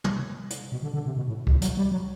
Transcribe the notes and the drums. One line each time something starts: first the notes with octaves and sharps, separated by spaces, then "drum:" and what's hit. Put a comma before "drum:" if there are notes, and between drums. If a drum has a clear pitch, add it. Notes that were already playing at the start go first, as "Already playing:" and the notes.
drum: tom
drum: hi-hat
B2
D3
D3
C3
B2
A2
B2, drum: kick C#2
A2
F#3, drum: hi-hat
G3
F#3